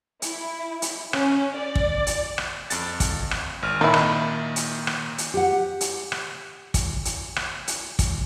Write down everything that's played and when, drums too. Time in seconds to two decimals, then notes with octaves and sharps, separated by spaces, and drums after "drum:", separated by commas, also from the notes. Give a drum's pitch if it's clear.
0.22 E4, drum: hi-hat
0.82 drum: hi-hat
1.13 C#4, drum: rim click
1.56 D5
1.75 drum: kick
2.07 drum: hi-hat
2.38 drum: rim click
2.70 F2 A6, drum: hi-hat
3.00 drum: kick, hi-hat
3.31 drum: rim click
3.62 G#1 F6
3.81 A#2 D#3 D#4 E4
3.94 drum: rim click
4.56 drum: hi-hat
4.87 drum: rim click
5.18 drum: hi-hat
5.34 G4 F#5
5.81 drum: hi-hat
6.12 drum: rim click
6.74 drum: kick, hi-hat
7.05 drum: hi-hat
7.36 drum: rim click
7.68 drum: hi-hat
7.99 drum: kick, hi-hat